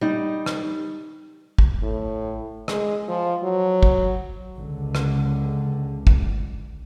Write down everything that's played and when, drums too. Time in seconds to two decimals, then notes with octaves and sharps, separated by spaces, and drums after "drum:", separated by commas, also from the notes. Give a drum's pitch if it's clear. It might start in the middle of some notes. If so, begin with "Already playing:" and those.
0.01 G3 D#4
0.46 drum: rim click
1.58 drum: kick
1.83 A2
2.68 G#3, drum: rim click
3.08 F3
3.43 F#3
3.83 drum: kick
4.57 C#2 D3
4.95 drum: rim click
6.07 drum: kick